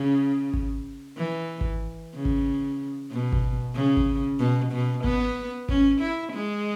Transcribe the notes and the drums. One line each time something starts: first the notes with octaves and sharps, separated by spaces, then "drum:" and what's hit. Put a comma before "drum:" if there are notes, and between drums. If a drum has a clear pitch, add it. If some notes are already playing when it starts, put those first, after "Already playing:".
Already playing: C#3
drum: kick G#1
E3
drum: kick G#1
C#3
drum: kick G#1
B2
drum: kick G#1
C#3
drum: kick G#1
B2
B2
B3, drum: kick G#1
C#4, drum: kick G#1
E4
G#3